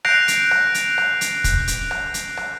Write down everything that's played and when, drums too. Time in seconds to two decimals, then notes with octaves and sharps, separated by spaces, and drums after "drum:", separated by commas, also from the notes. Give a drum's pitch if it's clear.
0.05 F#6 G6 A#6 C7 D7 F7, drum: rim click
0.28 drum: hi-hat
0.51 drum: rim click
0.74 drum: hi-hat
0.98 drum: rim click
1.21 drum: hi-hat
1.44 drum: kick, hi-hat
1.67 drum: hi-hat
1.91 drum: rim click
2.14 drum: hi-hat
2.37 drum: rim click